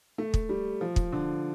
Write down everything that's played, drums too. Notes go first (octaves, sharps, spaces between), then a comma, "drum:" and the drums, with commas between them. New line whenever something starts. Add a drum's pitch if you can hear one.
A3
drum: kick
G3
F3
drum: kick
D3